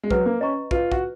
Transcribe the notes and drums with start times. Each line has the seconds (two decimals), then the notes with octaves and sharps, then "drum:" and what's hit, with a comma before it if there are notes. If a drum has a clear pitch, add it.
0.03 G#3
0.11 F#3 B4, drum: kick
0.26 A#3
0.41 C#4 D#5 A#5 C#6
0.71 F4 B4, drum: kick
0.92 F#4, drum: kick